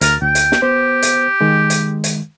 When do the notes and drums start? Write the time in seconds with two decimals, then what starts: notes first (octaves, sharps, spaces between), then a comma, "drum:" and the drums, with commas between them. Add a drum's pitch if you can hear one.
0.01 D2 A#4 A6, drum: hi-hat
0.22 D2 G5
0.35 drum: hi-hat
0.52 drum: snare
0.62 B3 G4 C5
1.02 drum: hi-hat
1.41 D#3 G#3
1.70 drum: hi-hat
2.04 drum: hi-hat